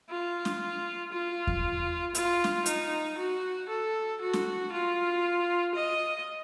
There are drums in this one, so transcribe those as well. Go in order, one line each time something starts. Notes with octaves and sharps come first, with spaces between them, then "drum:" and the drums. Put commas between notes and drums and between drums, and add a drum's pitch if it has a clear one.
F4
drum: snare
F4
drum: kick E2
F4, drum: hi-hat
drum: snare
D#4, drum: hi-hat
F#4
A4
F#4
drum: snare
F4
D#5